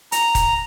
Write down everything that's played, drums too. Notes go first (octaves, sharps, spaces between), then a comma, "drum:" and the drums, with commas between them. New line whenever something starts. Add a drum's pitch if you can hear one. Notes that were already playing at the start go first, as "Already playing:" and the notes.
A#5, drum: hi-hat
drum: kick D#1, hi-hat